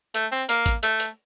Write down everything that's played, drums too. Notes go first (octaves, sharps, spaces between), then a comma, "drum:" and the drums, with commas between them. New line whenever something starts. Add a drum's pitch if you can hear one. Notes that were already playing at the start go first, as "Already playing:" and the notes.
A3, drum: hi-hat
C4
A#3, drum: hi-hat
drum: kick A1, hi-hat
A3, drum: hi-hat
drum: hi-hat